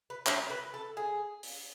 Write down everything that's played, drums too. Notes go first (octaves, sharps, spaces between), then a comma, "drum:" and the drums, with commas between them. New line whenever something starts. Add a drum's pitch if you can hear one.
B4
C#5, drum: clap
B4
A4
G#4
drum: open hi-hat